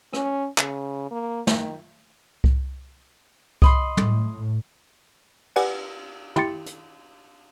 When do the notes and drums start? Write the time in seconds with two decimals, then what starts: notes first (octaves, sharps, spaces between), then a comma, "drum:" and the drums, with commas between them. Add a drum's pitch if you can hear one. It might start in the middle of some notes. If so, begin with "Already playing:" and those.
0.13 C#4, drum: rim click
0.58 C#3, drum: clap
1.11 A#3
1.47 D#3, drum: snare
2.44 drum: kick C2
3.62 D#5 B5 C6, drum: kick C2
3.97 A2, drum: tom
5.56 G4 B4 D5 F#5 G#5, drum: cymbal
6.36 E4 G4 G5 C6 A6 C#7, drum: tom
6.66 drum: hi-hat